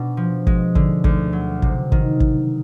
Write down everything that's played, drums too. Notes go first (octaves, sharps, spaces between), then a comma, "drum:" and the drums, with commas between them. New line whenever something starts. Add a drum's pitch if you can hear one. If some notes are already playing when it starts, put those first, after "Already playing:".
Already playing: B2 D4
F3
G#3, drum: kick
D3, drum: kick
D2, drum: kick
F#3
C3, drum: kick
D#3, drum: kick
drum: kick